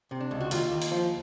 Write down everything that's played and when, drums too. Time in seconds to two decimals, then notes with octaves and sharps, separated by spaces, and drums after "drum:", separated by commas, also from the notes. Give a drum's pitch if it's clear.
0.11 C3
0.21 D4
0.31 C#2
0.41 F#4
0.51 D#2 F4, drum: hi-hat
0.72 D#2
0.82 drum: hi-hat
0.92 F3